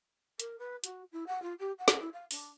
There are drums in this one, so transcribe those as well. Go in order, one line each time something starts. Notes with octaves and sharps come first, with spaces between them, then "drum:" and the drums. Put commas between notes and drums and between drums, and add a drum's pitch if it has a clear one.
A#4, drum: hi-hat
B4
F#4, drum: hi-hat
E4
F#5
F4
G4
F#5
drum: snare
E4
F5
D4, drum: open hi-hat